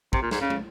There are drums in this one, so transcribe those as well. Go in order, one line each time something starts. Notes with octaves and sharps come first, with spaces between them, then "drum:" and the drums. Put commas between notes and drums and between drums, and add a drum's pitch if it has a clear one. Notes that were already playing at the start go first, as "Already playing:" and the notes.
C3, drum: kick
A#2
G#2, drum: snare
C#3
drum: tom